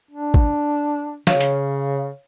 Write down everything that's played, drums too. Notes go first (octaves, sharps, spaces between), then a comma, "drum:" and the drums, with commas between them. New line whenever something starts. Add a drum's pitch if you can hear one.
D4
drum: kick G#1
C#3 C#5 F5, drum: snare
drum: hi-hat